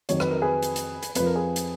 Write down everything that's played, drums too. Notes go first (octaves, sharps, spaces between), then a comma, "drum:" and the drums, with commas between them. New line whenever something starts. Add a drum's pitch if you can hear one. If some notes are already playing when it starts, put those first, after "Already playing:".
F2 D#3 F#3 C#5, drum: hi-hat
B4, drum: rim click
A#4
G#4 B4
drum: hi-hat
drum: hi-hat
drum: hi-hat
F2 F3 B4, drum: hi-hat
A#4
G#4 B4
drum: hi-hat